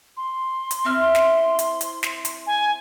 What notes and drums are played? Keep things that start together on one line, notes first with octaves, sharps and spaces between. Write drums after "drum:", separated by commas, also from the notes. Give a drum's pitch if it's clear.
C6
drum: hi-hat
C4 E4 F6
drum: snare
drum: hi-hat
drum: hi-hat
drum: snare
drum: hi-hat
G#5